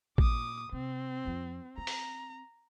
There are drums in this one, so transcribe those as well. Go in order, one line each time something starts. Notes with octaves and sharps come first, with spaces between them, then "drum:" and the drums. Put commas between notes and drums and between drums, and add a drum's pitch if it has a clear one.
A#2 D6 D#6, drum: kick A1
C3 C4
F2 F3
C4 A#5
drum: open hi-hat